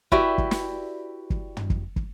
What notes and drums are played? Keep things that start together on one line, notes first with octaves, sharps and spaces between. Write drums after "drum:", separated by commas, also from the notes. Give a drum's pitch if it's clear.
E4 F#4 G4 B4 D5 E5, drum: kick
drum: kick
drum: snare
drum: kick
drum: tom
drum: kick
drum: kick